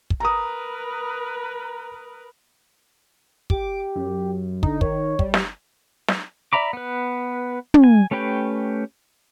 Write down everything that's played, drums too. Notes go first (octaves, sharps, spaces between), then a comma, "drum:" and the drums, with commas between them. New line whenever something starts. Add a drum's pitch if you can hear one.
drum: kick
A#4 B4 A#5 D#6
G4 D6, drum: kick
F#2
D3 D#4, drum: kick
D#3 C#5, drum: kick
G3, drum: kick
drum: snare
drum: snare
D5 E5 A#5 B5 D6
B3 B4
drum: tom
G#5
A3 C#4 G4 B4 G5